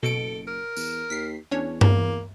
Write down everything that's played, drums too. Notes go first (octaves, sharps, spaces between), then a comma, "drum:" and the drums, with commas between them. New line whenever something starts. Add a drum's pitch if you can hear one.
F#1 B2 A4 C#7 D7
A#4
E2, drum: tambourine
D#2 B6 C7
E2 C#4 D4 C#5
A#3, drum: tom G2